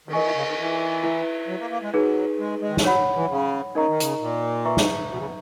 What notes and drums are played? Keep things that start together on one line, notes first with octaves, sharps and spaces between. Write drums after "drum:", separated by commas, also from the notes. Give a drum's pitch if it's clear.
D#3, drum: cymbal
E3 A#4 D#5 G#5 C#6
E3
C#3
D#3
E3
E4 B4 E5
F#3
A#3
A#3
G#3
F#3 D#4 G#4 B4
G#3
G#3
D#3
E3, drum: snare
F#3 C#5 F#5 B5
E3
C#3
C#3 D#4 A#4 D#5 A#5 C#6
D#3
C#3, drum: hi-hat
A#2
B4 E5 A#5 C#6
drum: snare
B2
C#3
B2